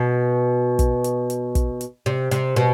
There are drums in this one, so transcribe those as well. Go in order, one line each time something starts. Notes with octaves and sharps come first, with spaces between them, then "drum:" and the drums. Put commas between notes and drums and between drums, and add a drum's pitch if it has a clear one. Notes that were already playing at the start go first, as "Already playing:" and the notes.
Already playing: B2
drum: kick, hi-hat
drum: hi-hat
drum: hi-hat
drum: kick, hi-hat
drum: hi-hat
C3
C3, drum: hi-hat
B2